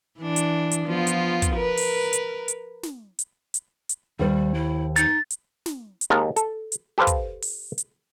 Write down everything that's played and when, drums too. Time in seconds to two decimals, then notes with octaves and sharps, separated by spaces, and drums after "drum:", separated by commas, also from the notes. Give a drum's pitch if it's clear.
0.19 E3 D4
0.36 drum: hi-hat
0.71 drum: hi-hat
0.86 F3 B3 F4
1.07 drum: hi-hat
1.42 drum: kick, hi-hat
1.54 A#4 B4
1.77 drum: open hi-hat
2.13 drum: hi-hat
2.48 drum: hi-hat
2.83 drum: snare
3.19 drum: hi-hat
3.54 drum: hi-hat
3.89 drum: hi-hat
4.19 D#2 G3 C5
4.54 E4
4.96 D#4 A6, drum: hi-hat
5.30 drum: hi-hat
5.66 drum: snare
6.01 drum: hi-hat
6.10 D#2 G#3 A#4 A5
6.36 A4, drum: hi-hat
6.72 drum: hi-hat
6.98 G4 A4 B4 C5 F5
7.07 drum: kick, hi-hat
7.42 drum: open hi-hat
7.78 drum: hi-hat